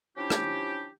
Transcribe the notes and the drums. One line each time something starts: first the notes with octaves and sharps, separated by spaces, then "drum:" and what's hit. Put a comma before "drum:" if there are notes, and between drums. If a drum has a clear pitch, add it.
F3 C#4 D4 E4 G4
drum: rim click